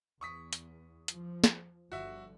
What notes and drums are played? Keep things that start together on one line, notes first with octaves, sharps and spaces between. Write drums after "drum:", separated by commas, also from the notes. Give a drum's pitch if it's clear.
E2 C#6 D#6 B6
drum: hi-hat
F3, drum: hi-hat
drum: snare
G1 D3 F3 F#4 E5